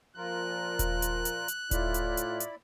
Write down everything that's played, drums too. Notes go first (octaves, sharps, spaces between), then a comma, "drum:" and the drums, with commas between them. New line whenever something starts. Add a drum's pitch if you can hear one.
A#2 F3 F4 A#4 F#6
drum: kick D#1, hi-hat
drum: hi-hat
drum: hi-hat
drum: hi-hat
A2 E4 F4 D5 B5, drum: kick D#1, hi-hat
drum: hi-hat
drum: hi-hat
drum: hi-hat